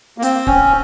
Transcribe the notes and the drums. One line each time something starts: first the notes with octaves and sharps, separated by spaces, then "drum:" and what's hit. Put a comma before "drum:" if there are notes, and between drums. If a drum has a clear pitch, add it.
A#3
C4, drum: hi-hat
C#4, drum: kick